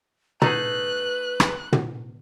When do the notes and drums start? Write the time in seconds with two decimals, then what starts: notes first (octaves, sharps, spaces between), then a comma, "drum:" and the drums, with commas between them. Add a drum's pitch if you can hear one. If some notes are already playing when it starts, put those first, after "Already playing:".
0.42 A3 D#4 G#4 B4 A#5 F#6, drum: tom
1.40 drum: rim click
1.72 drum: tom